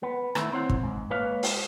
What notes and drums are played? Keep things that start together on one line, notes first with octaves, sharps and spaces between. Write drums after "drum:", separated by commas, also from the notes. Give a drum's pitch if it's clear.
B3
D#3 A3 E4, drum: rim click
C4 E4 C5 C#5 F#5
drum: kick
G#2
G#3 A#3 B4 C#5 F5
drum: open hi-hat